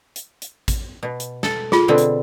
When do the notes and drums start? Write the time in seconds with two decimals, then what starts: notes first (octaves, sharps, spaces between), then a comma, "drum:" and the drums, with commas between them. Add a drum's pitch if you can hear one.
0.16 drum: hi-hat
0.42 drum: hi-hat
0.68 drum: kick A1, hi-hat
1.03 B2
1.20 drum: hi-hat
1.43 A4, drum: snare
1.72 F4 G#4, drum: snare
1.88 B2 D3 C4
1.98 drum: hi-hat